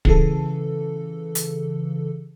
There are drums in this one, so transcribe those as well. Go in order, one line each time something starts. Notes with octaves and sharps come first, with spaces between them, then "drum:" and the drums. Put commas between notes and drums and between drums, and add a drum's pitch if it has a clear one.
C#3 E3 A4, drum: kick
drum: hi-hat